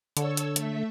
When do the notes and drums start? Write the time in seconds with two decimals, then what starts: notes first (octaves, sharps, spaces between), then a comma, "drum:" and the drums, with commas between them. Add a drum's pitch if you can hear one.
0.17 D3 A4 C#5 E6, drum: hi-hat
0.37 drum: hi-hat
0.56 A3 E5, drum: hi-hat